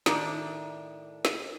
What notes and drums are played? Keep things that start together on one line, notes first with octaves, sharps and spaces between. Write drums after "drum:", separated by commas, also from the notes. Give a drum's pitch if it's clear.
A2 D#3 A3 D4 D5, drum: snare
drum: snare